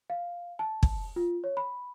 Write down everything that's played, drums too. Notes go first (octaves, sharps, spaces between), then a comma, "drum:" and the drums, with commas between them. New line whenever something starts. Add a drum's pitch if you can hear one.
F5
A5
drum: kick
F4
C#5
B5